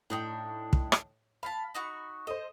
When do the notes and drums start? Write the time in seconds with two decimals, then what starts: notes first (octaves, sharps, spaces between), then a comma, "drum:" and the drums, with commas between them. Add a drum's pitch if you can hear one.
0.10 A2 D4 D#4 G5
0.73 drum: kick
0.92 drum: rim click
1.43 F5 A5 B5 B6
1.74 D#4 F#4 C#6
2.27 A4 C5 D#5